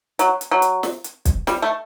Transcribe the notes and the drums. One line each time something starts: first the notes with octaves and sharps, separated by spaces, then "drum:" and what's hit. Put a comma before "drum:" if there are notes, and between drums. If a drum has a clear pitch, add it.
F#3, drum: hi-hat
drum: hi-hat
F#3
drum: hi-hat
drum: snare
drum: hi-hat
drum: kick, hi-hat
G3, drum: snare
A3